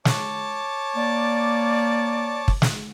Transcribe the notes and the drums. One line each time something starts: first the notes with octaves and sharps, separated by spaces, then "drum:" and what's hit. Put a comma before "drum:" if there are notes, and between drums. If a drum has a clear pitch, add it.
C#5 A5 D6, drum: snare
A#3 D5
drum: kick
drum: snare